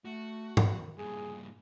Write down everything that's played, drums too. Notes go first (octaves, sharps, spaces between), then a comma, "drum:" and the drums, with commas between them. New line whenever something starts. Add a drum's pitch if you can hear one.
A3 F#4
drum: tom
D#3
G2 A#2 G#4